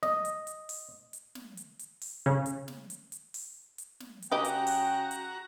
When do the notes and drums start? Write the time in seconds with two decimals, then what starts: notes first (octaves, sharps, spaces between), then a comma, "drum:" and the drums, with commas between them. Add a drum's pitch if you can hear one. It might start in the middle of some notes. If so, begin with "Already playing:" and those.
0.03 D#5, drum: snare
0.25 drum: hi-hat
0.47 drum: hi-hat
0.69 drum: open hi-hat
1.13 drum: hi-hat
1.35 drum: snare
1.57 drum: hi-hat
1.79 drum: hi-hat
2.01 drum: open hi-hat
2.26 C#3
2.46 drum: hi-hat
2.68 drum: snare
2.90 drum: hi-hat
3.12 drum: hi-hat
3.34 drum: open hi-hat
3.78 drum: hi-hat
4.00 drum: snare
4.22 drum: hi-hat
4.31 C#3 G#3 F#4 G4 D#5 G5 A#5
4.44 drum: hi-hat
4.67 drum: open hi-hat
5.11 drum: hi-hat